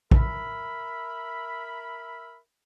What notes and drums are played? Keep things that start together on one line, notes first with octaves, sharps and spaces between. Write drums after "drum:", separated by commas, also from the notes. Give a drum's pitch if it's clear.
A#4 E5 B5, drum: kick